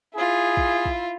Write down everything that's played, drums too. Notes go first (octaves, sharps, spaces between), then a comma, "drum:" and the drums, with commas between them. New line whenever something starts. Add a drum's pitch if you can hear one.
E4 F4 G#4
drum: kick
drum: kick